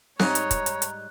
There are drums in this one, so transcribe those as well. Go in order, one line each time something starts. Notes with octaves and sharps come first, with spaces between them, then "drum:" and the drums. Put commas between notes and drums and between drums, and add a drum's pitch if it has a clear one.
G#2 G3 D#4 C#5 A#5 F#6, drum: snare C4
drum: hi-hat
drum: kick, hi-hat
drum: hi-hat
drum: hi-hat